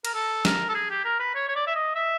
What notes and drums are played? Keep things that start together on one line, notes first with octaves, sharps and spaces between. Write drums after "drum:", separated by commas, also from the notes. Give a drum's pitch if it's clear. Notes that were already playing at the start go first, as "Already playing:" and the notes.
A#4, drum: cymbal
A4
A#4, drum: snare
A4
G#4
G4
A#4
B4
C#5
C#5
D5
E5
D#5
E5